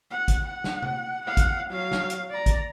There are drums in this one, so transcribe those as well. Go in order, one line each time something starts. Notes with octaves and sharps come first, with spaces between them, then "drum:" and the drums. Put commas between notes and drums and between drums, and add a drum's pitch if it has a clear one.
F#5
drum: kick, hi-hat
F#5
drum: snare
drum: tom C3
F5 F#5
drum: kick, hi-hat
F#3 F5
drum: snare
drum: hi-hat
D5 A#5
drum: kick, hi-hat